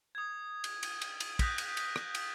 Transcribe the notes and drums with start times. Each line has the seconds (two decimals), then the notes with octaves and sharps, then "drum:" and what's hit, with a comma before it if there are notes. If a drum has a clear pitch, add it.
0.15 D#6 G#6
0.64 drum: cymbal
0.83 drum: cymbal
1.02 drum: cymbal
1.20 drum: cymbal
1.39 D#6 F#6 G6 A#6 B6, drum: kick, cymbal
1.58 drum: cymbal
1.77 drum: cymbal
1.96 drum: rim click
2.15 drum: cymbal